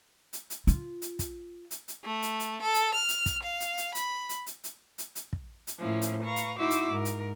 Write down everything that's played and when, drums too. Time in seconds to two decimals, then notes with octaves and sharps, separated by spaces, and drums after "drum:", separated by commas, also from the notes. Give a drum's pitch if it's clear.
0.33 drum: hi-hat
0.50 drum: hi-hat
0.67 F4, drum: hi-hat
1.02 drum: hi-hat
1.19 drum: kick, hi-hat
1.71 drum: hi-hat
1.88 drum: hi-hat
2.04 A3
2.22 drum: hi-hat
2.40 drum: hi-hat
2.62 A4
2.74 drum: hi-hat
2.95 F6
3.09 drum: hi-hat
3.26 drum: kick, hi-hat
3.43 F5
3.60 drum: hi-hat
3.78 drum: hi-hat
3.95 B5, drum: hi-hat
4.29 drum: hi-hat
4.46 drum: hi-hat
4.64 drum: hi-hat
4.98 drum: hi-hat
5.15 drum: hi-hat
5.33 drum: kick
5.67 drum: hi-hat
5.79 A2 F3 A#3 C#4 E4
6.02 drum: hi-hat
6.24 B4 F5 A#5 C#6
6.36 drum: hi-hat
6.59 D#4 E4 F#4 C5 D6 E6
6.71 drum: hi-hat
6.92 G#2 A#4
7.05 drum: hi-hat